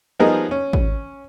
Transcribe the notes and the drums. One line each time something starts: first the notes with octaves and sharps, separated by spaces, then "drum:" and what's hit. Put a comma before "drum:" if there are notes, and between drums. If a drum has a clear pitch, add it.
F3 G3 B3 D#4 G#4 A#4
C#4
drum: kick